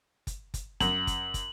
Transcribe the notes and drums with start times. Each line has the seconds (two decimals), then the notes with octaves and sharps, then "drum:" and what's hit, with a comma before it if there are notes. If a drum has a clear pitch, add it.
0.27 drum: kick, hi-hat
0.54 drum: kick, hi-hat
0.81 F#2 F#7, drum: kick, hi-hat
1.07 drum: kick, hi-hat
1.34 drum: kick, hi-hat